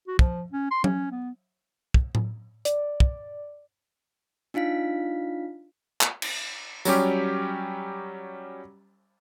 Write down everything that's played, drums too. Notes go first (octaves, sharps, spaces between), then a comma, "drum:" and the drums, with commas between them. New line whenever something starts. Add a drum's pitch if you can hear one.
F#4
F3, drum: kick
C#4
C6
C#4, drum: tom F#3
B3
drum: kick
drum: tom A2
D5, drum: hi-hat
drum: kick
D4 D#4 F4 F5 B6
drum: clap
drum: cymbal
F#3 G3 C#4 G4, drum: tambourine